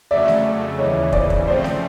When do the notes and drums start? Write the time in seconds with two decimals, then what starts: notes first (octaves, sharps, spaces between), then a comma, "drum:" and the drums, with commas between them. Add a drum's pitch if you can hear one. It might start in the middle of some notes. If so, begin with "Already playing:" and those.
0.11 F2 C#3 F#3 A3 D5 E5
0.28 drum: snare A3
0.79 D#2 C#3 E3 C#5 D#5
1.13 C5 D5, drum: kick
1.30 drum: kick
1.47 C#3 F3 A3 C4 C5 D5
1.64 drum: snare A3